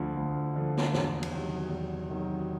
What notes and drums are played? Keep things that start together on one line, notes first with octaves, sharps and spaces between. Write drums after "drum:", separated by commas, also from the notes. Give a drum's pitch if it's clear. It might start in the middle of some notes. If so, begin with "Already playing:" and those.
Already playing: D2 D3 F3
D2
D3 F3
drum: snare
E2, drum: snare
drum: cymbal
C3 D#3 F#3
E2
C3 D#3 F#3